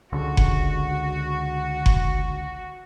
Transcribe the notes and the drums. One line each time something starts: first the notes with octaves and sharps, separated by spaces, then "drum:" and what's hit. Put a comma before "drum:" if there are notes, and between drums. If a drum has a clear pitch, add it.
C#2 D3 F#4
drum: kick F#1
drum: kick F#1